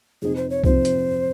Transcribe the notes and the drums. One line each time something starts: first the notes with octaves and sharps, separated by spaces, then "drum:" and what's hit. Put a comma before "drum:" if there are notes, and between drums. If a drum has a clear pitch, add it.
F2 C3 F3 C4 D#4 G#4
C5
C#5
F2 C3 F3 C4 D#4 C5, drum: kick C2
drum: hi-hat